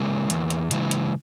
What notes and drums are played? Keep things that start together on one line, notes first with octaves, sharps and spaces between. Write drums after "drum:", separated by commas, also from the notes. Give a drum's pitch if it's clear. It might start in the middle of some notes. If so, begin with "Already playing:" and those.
Already playing: C#3 E3 G#3 A#3
E2, drum: hi-hat
drum: hi-hat
C#3 E3 G#3, drum: hi-hat
drum: hi-hat